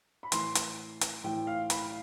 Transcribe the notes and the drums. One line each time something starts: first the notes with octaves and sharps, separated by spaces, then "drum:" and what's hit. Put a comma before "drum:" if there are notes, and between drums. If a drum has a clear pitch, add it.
B5
A2 E3 C6, drum: hi-hat
drum: hi-hat
drum: hi-hat
A2 E3 G5
F5
B5, drum: hi-hat